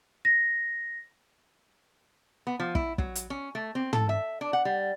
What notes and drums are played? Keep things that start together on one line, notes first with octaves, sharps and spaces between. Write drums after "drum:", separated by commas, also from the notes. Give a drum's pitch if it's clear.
A#6
B3
F3
E4, drum: kick
F#3, drum: kick
drum: hi-hat
C#4
A3
C4
A4, drum: tom
E5
D4
F#5
G3